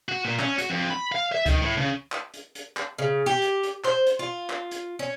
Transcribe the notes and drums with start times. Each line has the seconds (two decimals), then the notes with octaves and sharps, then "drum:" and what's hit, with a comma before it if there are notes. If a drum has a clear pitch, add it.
0.09 F#4
0.25 A#2
0.39 C#4, drum: clap
0.58 F#4, drum: hi-hat
0.70 F2
0.90 B5
1.12 F5
1.32 E5
1.46 D#3, drum: kick C#2, hi-hat
1.62 A2
1.77 C#3
2.12 drum: clap
2.34 drum: hi-hat
2.55 drum: hi-hat
2.77 drum: clap
2.98 C#3
3.26 G4
3.42 drum: hi-hat
3.63 drum: hi-hat
3.84 C5, drum: clap
4.07 drum: hi-hat
4.19 F4
4.50 drum: clap
4.71 drum: hi-hat
4.99 C#4